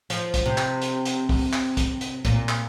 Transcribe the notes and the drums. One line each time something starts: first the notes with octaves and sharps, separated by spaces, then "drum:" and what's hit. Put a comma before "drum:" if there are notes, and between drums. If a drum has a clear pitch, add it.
F3, drum: hi-hat
drum: kick, hi-hat
C3
drum: clap
drum: hi-hat
drum: hi-hat
drum: kick, open hi-hat
drum: clap
drum: kick, hi-hat
drum: hi-hat
A#2, drum: kick, hi-hat
drum: clap